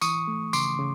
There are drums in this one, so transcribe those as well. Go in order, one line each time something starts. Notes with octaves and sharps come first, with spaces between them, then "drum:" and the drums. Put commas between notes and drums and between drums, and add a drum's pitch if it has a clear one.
E3 C#6 D#6, drum: tambourine
A3
C#3 C6 D6, drum: tambourine
C#3